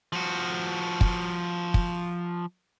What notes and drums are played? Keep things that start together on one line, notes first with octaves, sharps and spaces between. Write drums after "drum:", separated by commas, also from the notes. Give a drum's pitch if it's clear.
F3 F#4
drum: kick
drum: kick